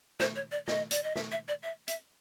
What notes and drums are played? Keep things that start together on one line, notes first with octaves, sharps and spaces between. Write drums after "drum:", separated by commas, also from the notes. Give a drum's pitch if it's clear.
C5, drum: snare
C#5
D5
D#5, drum: snare
D5, drum: hi-hat
D#5
E5, drum: snare
E5
D5
E5
E5, drum: hi-hat